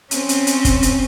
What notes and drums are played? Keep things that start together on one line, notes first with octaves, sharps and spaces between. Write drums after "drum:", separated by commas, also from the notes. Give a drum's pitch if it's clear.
C4 C#4, drum: hi-hat
drum: hi-hat
drum: hi-hat
drum: kick, hi-hat
drum: hi-hat